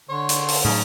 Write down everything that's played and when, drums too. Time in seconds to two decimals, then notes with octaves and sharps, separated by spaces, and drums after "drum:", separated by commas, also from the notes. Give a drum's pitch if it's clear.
0.09 D3 C#5 C6
0.29 drum: hi-hat
0.48 drum: open hi-hat
0.64 A2 C#3 F#3 D#4